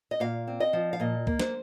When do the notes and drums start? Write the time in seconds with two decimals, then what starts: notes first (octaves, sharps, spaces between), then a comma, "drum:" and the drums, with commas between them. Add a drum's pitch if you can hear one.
0.11 D#5
0.20 A#2 F5
0.47 C4
0.60 D#5
0.73 F3
0.93 F5
1.00 A#2 D#5
1.27 A#3, drum: kick C#2
1.39 C5, drum: snare